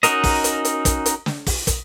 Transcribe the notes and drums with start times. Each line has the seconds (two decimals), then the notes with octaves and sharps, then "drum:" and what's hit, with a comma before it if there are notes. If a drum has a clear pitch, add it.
0.03 C#4 D#4 F#4 A#4 D#5, drum: hi-hat
0.24 drum: kick, open hi-hat
0.44 drum: hi-hat
0.65 drum: hi-hat
0.85 drum: kick, hi-hat
1.06 drum: hi-hat
1.26 drum: snare
1.47 drum: kick, open hi-hat
1.67 drum: kick, hi-hat